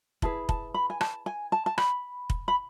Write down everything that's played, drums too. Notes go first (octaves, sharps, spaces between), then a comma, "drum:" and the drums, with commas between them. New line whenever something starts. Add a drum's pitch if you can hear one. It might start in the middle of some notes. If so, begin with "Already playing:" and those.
E4 G#4 B4 A5, drum: kick
A5, drum: kick
B5
G#5
A5, drum: rim click
G#5
A5
A5
B5, drum: rim click
drum: kick
B5